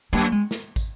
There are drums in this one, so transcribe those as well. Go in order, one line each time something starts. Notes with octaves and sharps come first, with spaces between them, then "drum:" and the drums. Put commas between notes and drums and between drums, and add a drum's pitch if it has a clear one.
F#2 A#3
G#3
drum: snare
drum: kick, tambourine